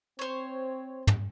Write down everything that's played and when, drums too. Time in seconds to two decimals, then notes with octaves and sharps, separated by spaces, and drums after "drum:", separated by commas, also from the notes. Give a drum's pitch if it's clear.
0.19 C4 C5 C#5
1.07 drum: tom